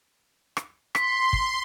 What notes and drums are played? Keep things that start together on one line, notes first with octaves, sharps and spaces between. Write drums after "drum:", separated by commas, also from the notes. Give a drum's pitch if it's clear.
drum: rim click
C6 B6, drum: rim click
drum: kick